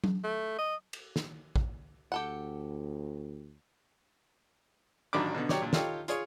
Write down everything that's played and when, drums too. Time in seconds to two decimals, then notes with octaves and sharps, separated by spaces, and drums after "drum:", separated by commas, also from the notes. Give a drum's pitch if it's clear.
0.04 drum: tom F#3
0.24 A3
0.58 D#5
0.93 drum: cymbal
1.16 drum: snare
1.56 drum: kick A1
2.12 D2 G4 A4 F#5
5.13 A1 D#3 F#3 D4 B5 D6
5.34 B2 D3
5.49 F#3 G4 C#5 D5, drum: snare
5.62 A#2 D4
5.73 D#4 F4 G4 A4 C#5, drum: snare
6.08 F4 G#4 C#5, drum: hi-hat